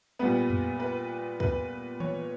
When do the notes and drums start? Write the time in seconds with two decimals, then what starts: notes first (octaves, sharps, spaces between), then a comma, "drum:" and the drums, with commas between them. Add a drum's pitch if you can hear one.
0.19 A#2 G3 B3 B4
0.50 drum: tom F2
0.80 B4
1.40 B4, drum: kick
2.00 C#5, drum: tom